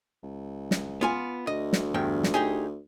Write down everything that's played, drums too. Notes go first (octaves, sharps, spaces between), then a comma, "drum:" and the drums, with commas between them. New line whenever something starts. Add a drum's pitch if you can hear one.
C#2
drum: snare
B3 F4 G#5
D2 D#5
drum: snare
E2 G2 G5
drum: snare
D#4 G4 G#4